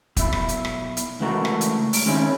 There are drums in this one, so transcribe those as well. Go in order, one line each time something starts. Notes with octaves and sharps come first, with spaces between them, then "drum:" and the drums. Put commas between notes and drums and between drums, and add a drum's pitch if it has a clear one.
B1 E4, drum: kick, hi-hat
drum: rim click
drum: hi-hat
drum: rim click
drum: hi-hat
C#2 E3 A3 F#4 A#4
drum: rim click
drum: hi-hat
drum: open hi-hat
D#3 G#3 C4 C#4 E4